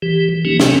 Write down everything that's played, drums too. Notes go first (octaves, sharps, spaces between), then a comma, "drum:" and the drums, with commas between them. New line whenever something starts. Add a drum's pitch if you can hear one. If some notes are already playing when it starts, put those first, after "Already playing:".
E3 G4
E3 F#3 A#3 C#4 D#4 G4
C3, drum: snare